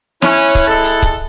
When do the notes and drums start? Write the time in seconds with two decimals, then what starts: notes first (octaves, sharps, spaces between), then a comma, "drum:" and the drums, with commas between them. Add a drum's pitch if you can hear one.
0.22 C#4 E4 F#6, drum: snare
0.55 drum: kick C#1
0.67 G#3 A4
0.84 drum: hi-hat
1.02 drum: kick C#1